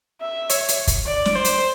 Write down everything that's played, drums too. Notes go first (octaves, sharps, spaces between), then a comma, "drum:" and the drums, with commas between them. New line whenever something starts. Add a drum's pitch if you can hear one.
E5
C#5, drum: hi-hat
drum: hi-hat
drum: kick, hi-hat
D5
drum: snare
C5
drum: hi-hat